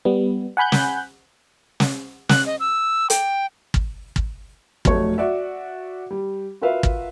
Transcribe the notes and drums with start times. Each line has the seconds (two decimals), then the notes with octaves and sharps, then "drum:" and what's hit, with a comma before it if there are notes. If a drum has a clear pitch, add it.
0.05 G3 B3
0.57 F#5 G#5 B5 F#6 G6
0.72 drum: snare
1.80 drum: snare
2.29 F#6, drum: snare
2.46 D#5
2.60 E6
3.10 G5, drum: hi-hat
3.74 drum: kick
4.16 drum: kick
4.85 F1 F#3 A3 C#5, drum: kick
5.18 F#4 D5 E5
6.11 G3
6.61 F4 F#4 A#4 B4 E5 F5
6.83 drum: kick